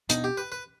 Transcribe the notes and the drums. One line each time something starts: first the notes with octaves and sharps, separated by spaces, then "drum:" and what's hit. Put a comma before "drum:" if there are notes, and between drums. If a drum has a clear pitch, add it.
B2 B3 D4 D#4, drum: hi-hat
G4
B4
B4